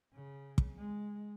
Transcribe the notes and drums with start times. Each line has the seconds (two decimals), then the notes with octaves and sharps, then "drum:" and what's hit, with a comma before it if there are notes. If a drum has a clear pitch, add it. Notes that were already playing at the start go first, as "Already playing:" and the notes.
0.14 C#3
0.58 drum: kick
0.78 G#3